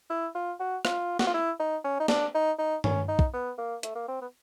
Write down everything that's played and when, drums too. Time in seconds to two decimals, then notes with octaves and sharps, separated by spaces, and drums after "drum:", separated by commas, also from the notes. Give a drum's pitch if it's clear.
0.10 E4
0.35 F4
0.60 F#4
0.85 F4, drum: rim click
1.19 F#4, drum: snare
1.27 F4
1.34 E4
1.59 D#4
1.84 C#4
2.00 D#4
2.08 D4, drum: snare
2.34 D#4
2.59 D#4
2.84 C#4, drum: tom G2
3.08 D#4
3.19 drum: kick
3.33 B3
3.58 A#3
3.83 A3, drum: hi-hat
3.95 A#3
4.08 C4
4.21 B3